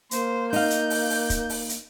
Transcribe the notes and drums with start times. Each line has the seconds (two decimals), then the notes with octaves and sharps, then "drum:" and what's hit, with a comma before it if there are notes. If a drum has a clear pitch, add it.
0.11 A#3 C5, drum: hi-hat
0.53 D#4 F5 G6, drum: open hi-hat
0.70 drum: hi-hat
0.90 drum: open hi-hat
1.10 drum: open hi-hat
1.30 drum: kick, hi-hat
1.49 drum: open hi-hat
1.69 drum: hi-hat